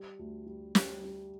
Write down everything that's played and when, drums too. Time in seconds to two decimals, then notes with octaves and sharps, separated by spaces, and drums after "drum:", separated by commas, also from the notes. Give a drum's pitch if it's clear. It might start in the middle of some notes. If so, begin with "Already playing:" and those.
Already playing: G3
0.19 D2
0.46 G3
0.75 G3, drum: snare
1.04 G3